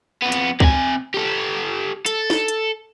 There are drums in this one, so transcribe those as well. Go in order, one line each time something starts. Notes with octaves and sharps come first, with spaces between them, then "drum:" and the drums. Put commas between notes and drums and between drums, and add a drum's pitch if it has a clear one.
F2 B3
drum: hi-hat
C3 G#5, drum: kick C#2
G4 A4
A4, drum: hi-hat
drum: snare
drum: hi-hat